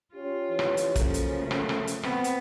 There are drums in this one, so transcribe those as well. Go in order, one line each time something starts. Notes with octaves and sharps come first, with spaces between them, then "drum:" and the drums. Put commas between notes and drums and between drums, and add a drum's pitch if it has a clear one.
C#4 F4 G4 C#5
E3
drum: rim click
drum: hi-hat
C#3 F3 F#3 A#3 A4, drum: kick, hi-hat
drum: hi-hat
A3
drum: rim click
drum: rim click
drum: hi-hat
B3 C4, drum: rim click
drum: hi-hat